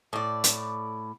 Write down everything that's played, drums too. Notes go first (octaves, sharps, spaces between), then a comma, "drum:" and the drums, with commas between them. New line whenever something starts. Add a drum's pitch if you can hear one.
A2 D5
drum: hi-hat